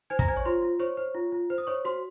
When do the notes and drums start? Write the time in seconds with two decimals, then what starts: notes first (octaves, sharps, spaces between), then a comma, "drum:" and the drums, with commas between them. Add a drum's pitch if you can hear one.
0.10 C5 G#5 G#6
0.19 A#5 A#6, drum: kick
0.28 C5 G#5 G#6
0.36 C#5 C#6
0.45 F4 C5 C6
0.62 F4
0.80 C5 C#5 C#6
0.97 C5
1.15 F4
1.32 F4
1.50 C5
1.58 D#6
1.67 C5 C#5 C#6
1.85 F#4 C5 C6